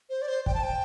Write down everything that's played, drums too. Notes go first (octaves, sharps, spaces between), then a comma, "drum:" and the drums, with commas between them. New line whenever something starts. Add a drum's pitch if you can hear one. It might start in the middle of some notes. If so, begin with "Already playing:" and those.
C5
D5
C5
G5, drum: kick
A5
G5